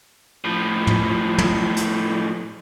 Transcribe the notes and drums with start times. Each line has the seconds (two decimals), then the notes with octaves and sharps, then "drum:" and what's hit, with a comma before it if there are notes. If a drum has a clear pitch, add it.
0.44 A2 F3
0.87 drum: tom
1.38 drum: tom
1.76 drum: hi-hat